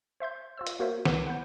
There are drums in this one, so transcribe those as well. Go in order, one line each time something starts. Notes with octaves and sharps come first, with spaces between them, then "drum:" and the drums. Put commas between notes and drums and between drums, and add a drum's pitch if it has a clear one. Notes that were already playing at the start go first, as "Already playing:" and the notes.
C5 E5 C6 G6
F4 C5 E6
drum: hi-hat
A#3 F#4 A#4 C5 C#5 E5
C#2 E3 B3 D6, drum: snare
F#5 B5 G6